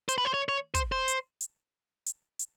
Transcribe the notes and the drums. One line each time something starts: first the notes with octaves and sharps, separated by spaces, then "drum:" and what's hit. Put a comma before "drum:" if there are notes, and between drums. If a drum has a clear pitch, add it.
C5, drum: hi-hat
B4
C5
C#5
C#5
C5, drum: kick, hi-hat
C5
drum: hi-hat
drum: hi-hat
drum: hi-hat
drum: hi-hat